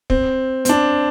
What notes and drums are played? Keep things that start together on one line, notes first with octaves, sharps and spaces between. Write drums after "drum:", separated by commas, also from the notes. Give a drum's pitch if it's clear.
C4, drum: kick
C4, drum: hi-hat
D4